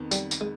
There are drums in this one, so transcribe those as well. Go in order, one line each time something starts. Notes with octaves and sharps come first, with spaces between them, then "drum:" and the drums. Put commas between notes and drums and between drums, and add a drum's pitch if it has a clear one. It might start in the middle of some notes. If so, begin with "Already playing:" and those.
Already playing: F2 D#3 B3
G3, drum: tambourine
drum: tambourine
G#3